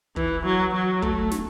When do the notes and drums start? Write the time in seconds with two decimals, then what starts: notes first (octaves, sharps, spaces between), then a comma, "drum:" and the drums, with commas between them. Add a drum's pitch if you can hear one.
0.16 E3, drum: kick
0.45 F#3
0.74 F#3
1.02 A3, drum: kick
1.31 drum: snare